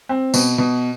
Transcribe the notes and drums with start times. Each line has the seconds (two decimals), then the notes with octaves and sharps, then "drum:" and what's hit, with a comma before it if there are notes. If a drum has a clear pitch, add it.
0.09 C4
0.34 B2, drum: tambourine
0.58 B2